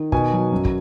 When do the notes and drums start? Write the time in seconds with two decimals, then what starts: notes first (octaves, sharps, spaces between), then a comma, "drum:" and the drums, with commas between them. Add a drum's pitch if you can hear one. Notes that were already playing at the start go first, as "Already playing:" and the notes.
Already playing: D#3
0.12 B2 G#5, drum: kick
0.33 F#3
0.52 F#2
0.65 drum: kick